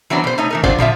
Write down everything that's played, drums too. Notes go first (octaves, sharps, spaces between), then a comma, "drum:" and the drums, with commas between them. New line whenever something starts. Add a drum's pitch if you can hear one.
E3 F#3 B3 D4 C5
B2 C5
A3 D#4 C#5
E3 A3 A#4
F#3 D4 F4 C5 D5, drum: kick F#1
D3 F3 F4 E5, drum: tom